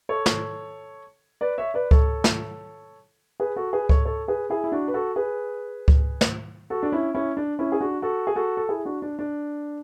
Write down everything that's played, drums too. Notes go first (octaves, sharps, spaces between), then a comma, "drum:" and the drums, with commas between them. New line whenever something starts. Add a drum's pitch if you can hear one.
A4 C#5
drum: snare
B4 D5
C#5 E5
B4 D5
A4 C#5, drum: kick C#2
drum: snare
G#4 B4
F#4 A4
G#4 B4
A4 C#5, drum: kick C#2
A4 C#5
G#4 B4
E4 G#4
E4
D4 F#4
B4
F#4 A4
G#4 B4
drum: kick C#2
drum: snare
F#4 A4
D4
C#4 E4
C#4 E4
D4
C#4 E4
G#4
D4 F#4
F#4 A4
G#4
F#4 A4
A4
E4 G#4
D4 F#4
D4
D4